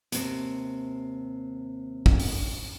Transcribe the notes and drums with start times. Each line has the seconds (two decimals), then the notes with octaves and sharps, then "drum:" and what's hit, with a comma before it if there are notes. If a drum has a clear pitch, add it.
0.12 D#2 C3, drum: hi-hat
2.06 drum: kick
2.19 drum: open hi-hat